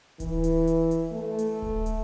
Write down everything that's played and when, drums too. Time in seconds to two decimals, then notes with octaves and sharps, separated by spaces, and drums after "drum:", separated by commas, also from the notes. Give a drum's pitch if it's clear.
0.20 E3, drum: kick D1, hi-hat
0.44 drum: hi-hat
0.67 drum: hi-hat
0.91 drum: hi-hat
1.12 A3
1.38 drum: hi-hat
1.62 drum: kick D1
1.86 drum: hi-hat